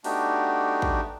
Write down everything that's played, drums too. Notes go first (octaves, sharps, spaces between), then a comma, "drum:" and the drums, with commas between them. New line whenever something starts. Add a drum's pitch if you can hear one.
A3 B3 D4 D#4 F#4 G4, drum: open hi-hat
drum: kick